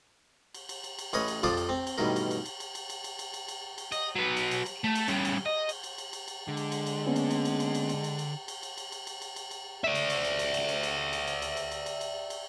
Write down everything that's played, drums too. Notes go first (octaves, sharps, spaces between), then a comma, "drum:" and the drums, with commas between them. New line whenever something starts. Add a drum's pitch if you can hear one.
drum: cymbal
drum: cymbal
drum: cymbal
drum: cymbal
A1 C#4 B4 C#5 D#5, drum: cymbal
drum: cymbal
F2 F3 F4 D5 A5 D#6, drum: cymbal
drum: cymbal
C4
drum: cymbal
A1 G2 B2 D#3 A#4
drum: cymbal
drum: cymbal
drum: cymbal
drum: cymbal
drum: cymbal
drum: cymbal
drum: cymbal
drum: cymbal
drum: cymbal
drum: cymbal
drum: cymbal
D#5, drum: cymbal
F#3 B4
drum: cymbal
drum: cymbal
drum: cymbal
A3
drum: cymbal
C#3 G3, drum: cymbal
drum: cymbal
D#5
drum: cymbal
drum: cymbal
drum: cymbal
drum: cymbal
drum: cymbal
D3 G#3
drum: cymbal
drum: cymbal
drum: cymbal
A#3 B3 C#4
drum: cymbal
drum: cymbal
drum: cymbal
drum: cymbal
drum: cymbal
drum: cymbal
drum: cymbal
drum: cymbal
drum: cymbal
drum: cymbal
drum: cymbal
drum: cymbal
drum: cymbal
drum: cymbal
drum: cymbal
drum: cymbal
D5 E5
drum: cymbal
drum: cymbal
drum: cymbal
drum: cymbal
drum: cymbal
drum: cymbal
drum: cymbal
drum: cymbal
drum: cymbal
drum: cymbal
drum: cymbal
drum: cymbal
drum: cymbal
drum: cymbal
drum: cymbal